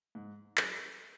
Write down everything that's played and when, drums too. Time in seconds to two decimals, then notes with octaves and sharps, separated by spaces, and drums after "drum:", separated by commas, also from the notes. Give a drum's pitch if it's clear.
0.15 G#2
0.57 F#3 C#4 G#4, drum: clap